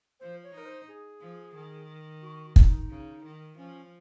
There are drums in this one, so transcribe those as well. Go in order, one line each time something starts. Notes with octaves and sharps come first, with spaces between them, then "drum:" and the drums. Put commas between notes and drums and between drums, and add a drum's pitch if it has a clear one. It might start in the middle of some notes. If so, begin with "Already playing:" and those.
F3 C5
C#5
D#4 A#4
C5
G#4
F3
D#3
F#4
D#4, drum: kick
C#3
D#3
F3 C#4